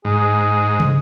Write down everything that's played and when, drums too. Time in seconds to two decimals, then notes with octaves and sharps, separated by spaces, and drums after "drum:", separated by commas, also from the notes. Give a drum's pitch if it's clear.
0.05 G#2 G#4
0.80 drum: tom